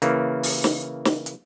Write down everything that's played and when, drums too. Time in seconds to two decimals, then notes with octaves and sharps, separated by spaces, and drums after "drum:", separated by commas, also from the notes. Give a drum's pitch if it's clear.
0.02 C#3 E3 A#3, drum: hi-hat
0.43 drum: open hi-hat
0.64 drum: snare
1.05 drum: snare
1.26 drum: hi-hat